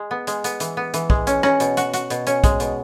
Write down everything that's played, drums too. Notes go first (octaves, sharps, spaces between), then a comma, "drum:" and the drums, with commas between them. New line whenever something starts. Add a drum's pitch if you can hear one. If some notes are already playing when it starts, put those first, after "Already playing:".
Already playing: G#3
B3
G#3, drum: hi-hat
B3, drum: hi-hat
E3, drum: hi-hat
B3
E3, drum: hi-hat
G#3, drum: kick
C#4, drum: hi-hat
C#4, drum: rim click
B2, drum: hi-hat
F#4, drum: hi-hat
F#4, drum: hi-hat
B2, drum: hi-hat
C#4, drum: hi-hat
G#3, drum: kick, hi-hat
B2, drum: hi-hat